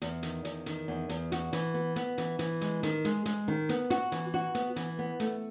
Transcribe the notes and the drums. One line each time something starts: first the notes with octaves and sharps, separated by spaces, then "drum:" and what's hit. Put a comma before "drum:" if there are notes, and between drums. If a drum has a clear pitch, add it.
E2, drum: hi-hat
D#3, drum: hi-hat
E2, drum: hi-hat
D#3, drum: hi-hat
E2
E2, drum: hi-hat
F#4, drum: hi-hat
E3, drum: hi-hat
B3
B3, drum: hi-hat
E3, drum: hi-hat
E3, drum: hi-hat
G#3, drum: hi-hat
D#3, drum: hi-hat
G#3, drum: hi-hat
G#3, drum: hi-hat
D#3
B3, drum: hi-hat
F#4, drum: hi-hat
E3, drum: hi-hat
F#4
B3, drum: hi-hat
E3, drum: hi-hat
B3
A3, drum: hi-hat